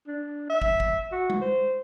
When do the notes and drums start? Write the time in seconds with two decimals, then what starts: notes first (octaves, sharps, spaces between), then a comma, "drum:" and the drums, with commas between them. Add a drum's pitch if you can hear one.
0.07 D4
0.50 E5
0.62 drum: kick
0.80 drum: kick
1.12 F#4
1.30 drum: tom G#3
1.41 C5